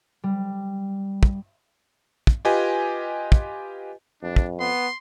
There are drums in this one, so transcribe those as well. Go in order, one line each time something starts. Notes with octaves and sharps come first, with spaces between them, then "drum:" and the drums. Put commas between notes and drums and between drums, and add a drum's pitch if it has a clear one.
G3
drum: kick
drum: kick
F4 G4 B4 D#5 G#5
drum: kick
F2 D4
drum: kick
B3 C6